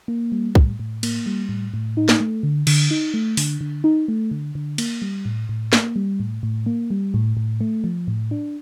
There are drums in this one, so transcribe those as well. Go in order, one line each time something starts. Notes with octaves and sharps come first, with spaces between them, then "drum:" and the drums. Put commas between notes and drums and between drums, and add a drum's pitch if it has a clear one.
A#3
G3
A2, drum: kick C2
A2
A#3, drum: cymbal
G3
A2
A2
D#4
drum: snare
A3
D3
D3, drum: cymbal
D#4
A3
D3, drum: open hi-hat
D3
D#4
A3
D3
D3
A#3, drum: cymbal
G3
A2
A2
A#3, drum: snare
G3
A2
A2
A#3
G3
A2
A2
A3
F3
A2
D4